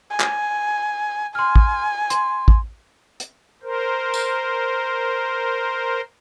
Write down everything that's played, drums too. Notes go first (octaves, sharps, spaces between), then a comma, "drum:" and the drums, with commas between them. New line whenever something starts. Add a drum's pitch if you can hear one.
G#5
drum: clap
G#5 C6 F6
drum: kick
C6, drum: hi-hat
drum: kick
drum: hi-hat
A#4 C5
drum: tambourine